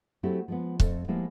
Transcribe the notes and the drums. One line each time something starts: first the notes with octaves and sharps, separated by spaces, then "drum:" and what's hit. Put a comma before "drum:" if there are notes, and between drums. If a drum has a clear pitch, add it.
F#3 A3 C4 E4 G4
F3 G#3 B3
F2 A3 C4, drum: kick C#1
F3 G3 G#3 A#3 B3 E4